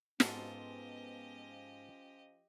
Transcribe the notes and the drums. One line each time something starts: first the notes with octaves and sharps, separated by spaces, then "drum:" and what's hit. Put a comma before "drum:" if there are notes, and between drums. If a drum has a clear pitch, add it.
G#2 F3 B3 C#4 F4 G4 A4 D#5, drum: snare